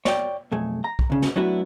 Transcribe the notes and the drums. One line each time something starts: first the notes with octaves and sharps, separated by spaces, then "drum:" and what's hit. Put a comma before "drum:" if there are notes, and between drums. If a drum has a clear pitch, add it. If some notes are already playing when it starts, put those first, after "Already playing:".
C#5 D5 G5, drum: snare
B1 F2 A3 G#4
A#5
drum: kick B1
D2 C#3
drum: snare
F#3 A3 B3 D4 E4 F#4